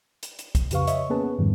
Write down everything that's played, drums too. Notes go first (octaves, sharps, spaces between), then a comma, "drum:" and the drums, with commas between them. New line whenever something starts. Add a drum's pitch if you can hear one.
drum: hi-hat
drum: hi-hat
drum: kick, hi-hat
F2 C#3 G4 B4 F5 C#6, drum: hi-hat
C#5 D#5 E5 C#6, drum: hi-hat
A#3 B3 C#4 G#4 B4 A5
B3
F2 G#2 C3 D#3 G3